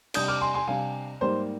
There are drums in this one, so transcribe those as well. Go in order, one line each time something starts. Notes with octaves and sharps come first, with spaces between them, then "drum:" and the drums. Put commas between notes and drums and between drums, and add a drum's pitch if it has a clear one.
C3 G3 D4 D#6 G6, drum: cymbal
D6 F6
G#5 C6
G#5 C6
C3 G3 D4 F5 G#5
G#2 G3 A#3 C5